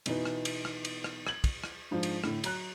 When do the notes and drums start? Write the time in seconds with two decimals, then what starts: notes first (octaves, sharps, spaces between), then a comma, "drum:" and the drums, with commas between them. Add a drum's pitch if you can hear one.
0.06 B2 E3 B3 D#4, drum: cymbal
0.25 drum: rim click
0.45 drum: cymbal
0.65 drum: rim click
0.85 drum: cymbal
1.04 drum: rim click
1.27 G#6 F#7, drum: rim click
1.44 drum: kick, cymbal
1.64 drum: rim click
1.91 G#2 F3 D4
2.03 drum: cymbal
2.24 A2 D3, drum: rim click
2.44 F#3 A#5 F#6, drum: cymbal